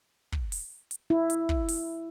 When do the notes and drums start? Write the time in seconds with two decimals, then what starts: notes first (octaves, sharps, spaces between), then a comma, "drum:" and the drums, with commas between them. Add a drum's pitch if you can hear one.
0.33 drum: kick
0.52 drum: open hi-hat
0.91 drum: hi-hat
1.10 E4
1.30 drum: hi-hat
1.49 drum: kick
1.68 drum: open hi-hat